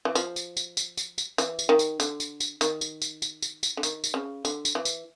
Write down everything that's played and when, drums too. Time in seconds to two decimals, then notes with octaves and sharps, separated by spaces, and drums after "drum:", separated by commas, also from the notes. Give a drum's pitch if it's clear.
0.05 E3
0.15 F3, drum: tambourine
0.36 drum: tambourine
0.57 drum: tambourine
0.77 drum: tambourine
0.97 drum: tambourine
1.18 drum: tambourine
1.38 E3, drum: tambourine
1.59 drum: tambourine
1.69 D#3
1.79 drum: tambourine
2.00 D3, drum: tambourine
2.20 drum: tambourine
2.40 drum: tambourine
2.61 D#3, drum: tambourine
2.81 drum: tambourine
3.02 drum: tambourine
3.22 drum: tambourine
3.42 drum: tambourine
3.63 drum: tambourine
3.77 D3
3.83 D#3, drum: tambourine
4.04 drum: tambourine
4.14 C#3
4.45 D3, drum: tambourine
4.65 drum: tambourine
4.75 E3
4.85 drum: tambourine